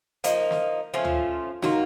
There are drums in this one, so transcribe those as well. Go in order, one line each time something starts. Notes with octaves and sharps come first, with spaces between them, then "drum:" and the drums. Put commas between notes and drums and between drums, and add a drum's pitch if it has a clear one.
F3 A#3 D#4, drum: hi-hat
drum: snare
F3 A3 C#4 F4
drum: tom D2
F#3 A#3 D#4 F4 F#4, drum: snare